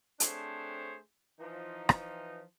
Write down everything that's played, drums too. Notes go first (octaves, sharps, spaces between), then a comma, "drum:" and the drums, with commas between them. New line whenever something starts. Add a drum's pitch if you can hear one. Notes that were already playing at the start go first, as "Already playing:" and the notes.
A3 C4 D4 G#4 C5 C#5, drum: hi-hat
E3 F3 D#4
drum: rim click